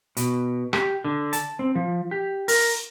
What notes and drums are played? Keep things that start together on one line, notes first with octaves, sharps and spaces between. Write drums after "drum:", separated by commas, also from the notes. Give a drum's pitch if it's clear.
B2, drum: hi-hat
G4, drum: rim click
D3
A5, drum: hi-hat
C4
F3
G4
A#4, drum: open hi-hat